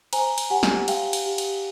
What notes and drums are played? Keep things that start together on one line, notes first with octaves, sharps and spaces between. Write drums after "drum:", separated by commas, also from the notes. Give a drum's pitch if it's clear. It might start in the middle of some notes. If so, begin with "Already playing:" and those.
C5 G#5 A#5, drum: cymbal
drum: cymbal
G4 F#5 G#5
drum: snare
G4 F5 G5, drum: cymbal
drum: cymbal
G4
drum: cymbal